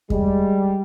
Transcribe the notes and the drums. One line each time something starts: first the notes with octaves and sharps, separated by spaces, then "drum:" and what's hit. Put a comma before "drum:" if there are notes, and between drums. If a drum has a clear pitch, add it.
G3 G#3, drum: kick E2